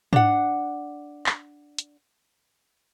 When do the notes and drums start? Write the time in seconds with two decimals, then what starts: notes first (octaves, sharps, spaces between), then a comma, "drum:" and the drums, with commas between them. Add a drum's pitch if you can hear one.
0.13 D4 F#5, drum: tom G#2
1.26 drum: clap
1.78 drum: hi-hat